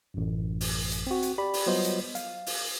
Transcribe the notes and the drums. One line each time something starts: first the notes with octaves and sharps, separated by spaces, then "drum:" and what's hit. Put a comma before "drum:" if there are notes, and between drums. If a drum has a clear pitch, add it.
A1 F#2
drum: open hi-hat
drum: hi-hat
C4 F#4
drum: hi-hat
G4 D5 B5
drum: open hi-hat
F#3 G3 B3 F4 C5 D#5
drum: hi-hat
F5, drum: hi-hat
drum: open hi-hat